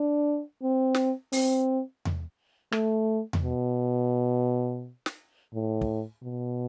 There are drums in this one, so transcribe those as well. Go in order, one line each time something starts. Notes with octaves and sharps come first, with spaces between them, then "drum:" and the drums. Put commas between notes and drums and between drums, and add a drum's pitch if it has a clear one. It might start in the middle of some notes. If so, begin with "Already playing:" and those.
Already playing: D4
C4
drum: snare
C4, drum: open hi-hat
drum: tom E2
A3, drum: rim click
drum: tom E2
B2
drum: snare
A2
drum: kick
B2